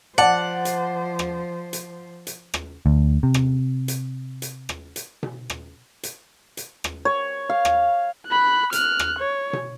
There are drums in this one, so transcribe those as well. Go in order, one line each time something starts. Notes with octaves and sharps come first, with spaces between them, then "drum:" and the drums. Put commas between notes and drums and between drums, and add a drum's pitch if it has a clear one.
F3 C5 D5 F#5 A5
drum: hi-hat
drum: rim click
drum: hi-hat
drum: hi-hat
drum: rim click
D2
C3
drum: rim click
drum: hi-hat
drum: hi-hat
drum: rim click
drum: hi-hat
drum: tom B2
drum: rim click
drum: hi-hat
drum: hi-hat
drum: rim click
C#5
F5
drum: rim click
B5 F#6
F6 F#6, drum: hi-hat
drum: rim click
C#5
drum: tom B2